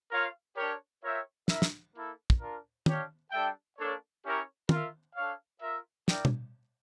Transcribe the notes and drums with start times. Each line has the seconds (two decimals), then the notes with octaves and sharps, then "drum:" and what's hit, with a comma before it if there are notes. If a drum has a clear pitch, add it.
0.11 F4 A#4 C#5 F5
0.56 D4 G4 A#4 C#5
1.02 F4 A#4 C#5 E5 G5
1.48 E4 A#4 E5, drum: snare
1.62 drum: snare
1.94 A#3 E4 A4
2.30 drum: kick
2.40 D4 F4 A#4
2.86 D4 G4 C#5 F5, drum: tom
3.31 G3 D4 A4 E5 G5
3.78 A#3 D4 A4 C#5
4.24 C#4 E4 G4 A#4 C#5
4.69 F4 A#4 E5, drum: tom
5.16 D4 A4 C#5 F5
5.61 F4 A#4 E5
6.08 E4 A#4 D5 G5, drum: snare
6.25 drum: tom